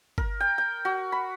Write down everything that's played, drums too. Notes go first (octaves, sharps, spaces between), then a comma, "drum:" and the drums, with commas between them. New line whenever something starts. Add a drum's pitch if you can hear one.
A#4, drum: kick G1
G5
G5
F#4
B5